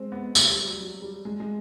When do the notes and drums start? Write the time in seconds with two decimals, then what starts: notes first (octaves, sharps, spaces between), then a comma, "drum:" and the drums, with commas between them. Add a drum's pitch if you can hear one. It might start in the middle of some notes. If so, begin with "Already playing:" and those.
Already playing: G#3 C4
0.12 B3
0.35 A3, drum: tambourine
0.49 G3
0.65 F#3
0.80 F#3
1.02 G3
1.25 G#3
1.40 G#3